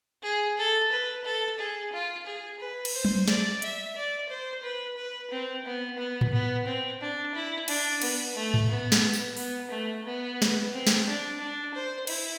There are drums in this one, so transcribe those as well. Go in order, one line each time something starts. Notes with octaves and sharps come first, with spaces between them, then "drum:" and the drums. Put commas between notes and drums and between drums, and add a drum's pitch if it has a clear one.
G#4
A4
B4
A4
G#4
F4
G#4
B4
drum: cymbal
C5
drum: tom F#3
D5, drum: snare
E5, drum: hi-hat
D5
C5
B4
B4
C4
B3
B3
drum: tom A2
B3
C4
D4
E4
D4, drum: cymbal
B3, drum: cymbal
A3
drum: tom A2
B3
drum: snare
drum: tambourine
B3, drum: open hi-hat
A3
B3
drum: snare
C4
drum: snare
D4
D4
C5
E4, drum: cymbal